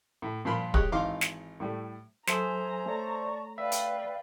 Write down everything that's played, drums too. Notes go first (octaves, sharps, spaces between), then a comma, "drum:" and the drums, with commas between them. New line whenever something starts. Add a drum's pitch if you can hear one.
A2
G2 A#2 F3 A#4 B5 C6
G#3 G4 C#5 D#5 F#6, drum: kick
G#1 E3 D#4 F5 C6 D6
drum: snare
A2 G3 A3
F#3 A4 C5 E5 G#5 A#5 D#6, drum: snare
A3 C#5 D5 A5 C#6
B4 D5 E5 F5 G5
drum: hi-hat